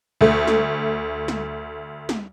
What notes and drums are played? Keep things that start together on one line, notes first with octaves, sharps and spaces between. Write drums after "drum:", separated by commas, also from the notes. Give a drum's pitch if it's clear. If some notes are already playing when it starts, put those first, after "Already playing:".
D2 A3
drum: snare
drum: snare
drum: snare